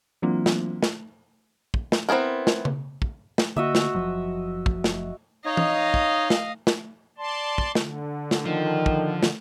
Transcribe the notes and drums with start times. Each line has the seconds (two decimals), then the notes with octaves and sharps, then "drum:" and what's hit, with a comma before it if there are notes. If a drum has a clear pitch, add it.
0.22 E3 F#3 A#3 C4 D4 F4
0.46 drum: snare
0.83 drum: snare
1.74 drum: kick
1.92 drum: snare
2.09 B3 C4 E4 G#4 A#4
2.47 drum: snare
2.65 drum: tom C#3
3.02 drum: kick
3.38 drum: snare
3.56 D3 A#3 F#4 D#5 E5
3.75 drum: snare
3.95 F#1 F3 F#3
4.66 drum: kick
4.84 drum: snare
5.45 D#4 C#5 D#5 F5
5.57 drum: tom E3
5.94 drum: kick
6.30 drum: snare
6.67 drum: snare
7.18 D5 A5 C6
7.58 drum: kick
7.75 D3, drum: snare
8.31 drum: snare
8.46 D#3 F3
8.86 drum: kick
9.23 drum: snare